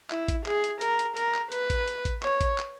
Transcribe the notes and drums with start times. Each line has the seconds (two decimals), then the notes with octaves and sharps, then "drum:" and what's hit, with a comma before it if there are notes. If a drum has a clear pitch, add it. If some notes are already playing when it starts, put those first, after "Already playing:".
0.10 E4, drum: clap
0.28 drum: kick A1, hi-hat
0.46 G#4, drum: clap
0.64 drum: hi-hat
0.81 A#4, drum: hi-hat
0.99 drum: hi-hat
1.17 A#4, drum: hi-hat
1.35 drum: clap
1.52 B4, drum: hi-hat
1.70 drum: kick A1, hi-hat
1.88 drum: hi-hat
2.05 drum: kick A1, hi-hat
2.23 C#5, drum: clap
2.41 drum: kick A1, hi-hat
2.58 drum: clap